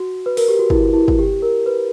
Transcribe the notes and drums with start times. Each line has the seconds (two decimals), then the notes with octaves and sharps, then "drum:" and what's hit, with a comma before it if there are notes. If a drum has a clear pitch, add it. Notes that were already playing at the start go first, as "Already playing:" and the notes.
Already playing: F#4
0.26 B4
0.37 A#4, drum: open hi-hat
0.48 G4
0.59 F#4
0.70 E4, drum: kick
0.94 E4
1.08 drum: kick
1.18 G4
1.42 A#4
1.66 B4